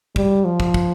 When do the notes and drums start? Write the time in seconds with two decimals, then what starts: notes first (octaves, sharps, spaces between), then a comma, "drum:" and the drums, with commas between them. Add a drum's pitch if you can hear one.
0.16 G3, drum: kick
0.45 F3
0.60 drum: kick
0.74 drum: kick